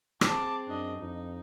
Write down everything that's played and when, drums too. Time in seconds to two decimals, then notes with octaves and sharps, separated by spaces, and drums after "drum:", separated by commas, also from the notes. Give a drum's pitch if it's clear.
0.21 C4 G#4 A5 D6, drum: rim click
0.68 F#2 D4 D#5
1.00 F2 D#4